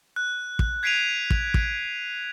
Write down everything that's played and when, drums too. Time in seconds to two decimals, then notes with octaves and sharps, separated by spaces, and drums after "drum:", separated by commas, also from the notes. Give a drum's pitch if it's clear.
0.16 F#6
0.59 drum: kick
0.83 G#6 B6 C7 D7 D#7 F7
1.30 drum: kick
1.54 drum: kick